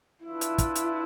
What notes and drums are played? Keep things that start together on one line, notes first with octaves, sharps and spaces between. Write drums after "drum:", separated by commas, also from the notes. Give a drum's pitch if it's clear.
D4 E4 F4 B4 E5
drum: hi-hat
drum: kick, hi-hat
drum: hi-hat